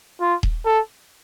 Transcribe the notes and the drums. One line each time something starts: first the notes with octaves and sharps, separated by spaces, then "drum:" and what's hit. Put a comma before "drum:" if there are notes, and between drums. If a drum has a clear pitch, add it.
F4
drum: kick D#1
A4